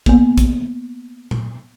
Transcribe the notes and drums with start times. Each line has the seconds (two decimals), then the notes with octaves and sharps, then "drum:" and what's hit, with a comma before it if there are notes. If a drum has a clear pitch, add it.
0.06 A#3 B3, drum: kick
0.38 drum: kick, hi-hat
1.31 drum: tom A#2